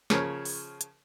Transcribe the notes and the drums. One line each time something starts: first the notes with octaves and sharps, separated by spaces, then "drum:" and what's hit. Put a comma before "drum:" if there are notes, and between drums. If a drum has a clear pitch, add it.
C#3 F3 A#4 C#5, drum: snare
drum: open hi-hat
drum: hi-hat